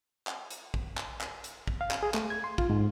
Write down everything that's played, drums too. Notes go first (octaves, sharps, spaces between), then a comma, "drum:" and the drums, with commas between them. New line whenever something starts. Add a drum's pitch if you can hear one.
drum: clap
drum: hi-hat
drum: kick
drum: clap
drum: clap
drum: hi-hat
drum: kick
F5
drum: clap
G#4
A3, drum: clap
G#6
C6
F4, drum: kick
G#2